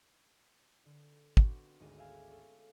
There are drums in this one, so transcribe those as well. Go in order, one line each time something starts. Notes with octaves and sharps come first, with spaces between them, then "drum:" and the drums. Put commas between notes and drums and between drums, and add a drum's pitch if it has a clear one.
D3
B3 C4 D4 F#4, drum: kick
G#1 D2 G#3 D#7
E5 F5 G#5
C#4 A4